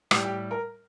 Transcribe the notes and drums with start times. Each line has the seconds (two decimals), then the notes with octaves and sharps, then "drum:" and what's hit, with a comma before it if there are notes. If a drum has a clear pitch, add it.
0.11 A2 G3 G4, drum: rim click
0.24 G4
0.51 A#4